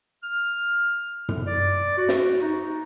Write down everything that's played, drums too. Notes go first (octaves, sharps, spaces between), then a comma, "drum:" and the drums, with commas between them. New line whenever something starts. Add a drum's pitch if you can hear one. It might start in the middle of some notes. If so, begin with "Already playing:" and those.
F6
drum: tom
D5
F#4
drum: snare
D#4